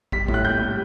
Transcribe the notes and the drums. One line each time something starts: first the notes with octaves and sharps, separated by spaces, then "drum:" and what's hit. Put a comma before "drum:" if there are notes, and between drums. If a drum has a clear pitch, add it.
G3 B6, drum: kick
A2, drum: kick
F#6
G3 G6
G3